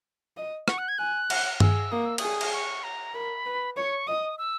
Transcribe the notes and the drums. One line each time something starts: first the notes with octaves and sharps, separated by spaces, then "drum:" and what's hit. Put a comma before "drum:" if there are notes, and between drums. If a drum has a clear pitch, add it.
D#5
F#5 C#6, drum: rim click
F#6
G#6
G#5 F#6
F#5, drum: cymbal
G#4 E6, drum: tom G2
A#3 D#6
E6
G#4 D#6, drum: cymbal
drum: cymbal
C#6
A#5
A#4 B5
B4
C#5 C#6
D#5 D#6
E6